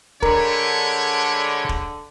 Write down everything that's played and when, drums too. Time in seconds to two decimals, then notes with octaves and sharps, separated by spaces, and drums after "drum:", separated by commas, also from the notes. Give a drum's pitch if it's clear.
0.22 D3 G#3 A3 A#4 C#5 D5 B5, drum: kick
1.69 drum: kick